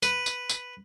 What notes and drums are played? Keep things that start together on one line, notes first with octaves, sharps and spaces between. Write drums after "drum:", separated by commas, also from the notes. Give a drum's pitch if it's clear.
B4, drum: tambourine
drum: tambourine
drum: tambourine